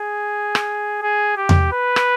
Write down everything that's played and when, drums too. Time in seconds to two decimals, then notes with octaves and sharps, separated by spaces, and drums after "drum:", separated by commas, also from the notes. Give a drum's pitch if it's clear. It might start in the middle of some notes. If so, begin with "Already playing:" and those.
Already playing: G#4
0.55 drum: rim click
1.02 G#4
1.37 G4
1.49 drum: tom E2
1.72 B4
1.96 drum: rim click